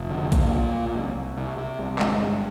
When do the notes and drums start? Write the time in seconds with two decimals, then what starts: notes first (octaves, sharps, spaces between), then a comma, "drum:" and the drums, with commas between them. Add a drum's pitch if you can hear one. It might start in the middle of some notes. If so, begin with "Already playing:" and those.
Already playing: F1
0.10 D3
0.32 C2 A#3, drum: kick A#1, hi-hat
0.52 A#2
0.73 A#2
0.95 C2
1.15 C2
1.37 C3
1.57 C3
1.79 C2
1.99 G1 G#3, drum: clap
2.20 G2